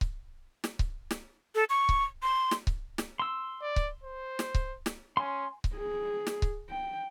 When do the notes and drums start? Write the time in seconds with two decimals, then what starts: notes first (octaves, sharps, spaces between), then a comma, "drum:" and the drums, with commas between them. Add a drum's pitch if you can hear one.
0.01 drum: kick C#1
0.64 drum: snare
0.79 drum: kick C#1
1.11 drum: snare
1.55 A4
1.70 C#6
1.89 drum: kick C#1
2.23 C6
2.51 drum: snare
2.67 drum: kick C#1
2.98 drum: snare
3.19 C6 E6
3.62 D5
3.76 drum: kick C#1
4.03 C5
4.39 drum: snare
4.55 drum: kick C#1
4.86 drum: snare
5.17 C#4 G#5 C6
5.64 drum: kick C#1
5.75 G#4
6.27 drum: snare
6.42 drum: kick C#1
6.69 G5